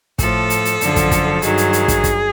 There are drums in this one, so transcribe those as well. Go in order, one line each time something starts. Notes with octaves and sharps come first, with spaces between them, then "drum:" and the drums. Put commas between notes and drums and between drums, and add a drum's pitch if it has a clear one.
A2 F3 A4, drum: kick, hi-hat
drum: hi-hat
drum: hi-hat
F#2 D3 F3, drum: hi-hat
drum: kick, hi-hat
drum: kick, hi-hat
G2 D#3 F#3 G#4, drum: hi-hat
drum: hi-hat
drum: hi-hat
drum: kick, hi-hat
drum: kick, hi-hat